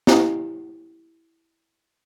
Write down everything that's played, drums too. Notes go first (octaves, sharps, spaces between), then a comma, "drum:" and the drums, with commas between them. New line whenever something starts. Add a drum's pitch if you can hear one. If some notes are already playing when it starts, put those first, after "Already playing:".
E4 G4 D#5 F5 G#5 A#5, drum: snare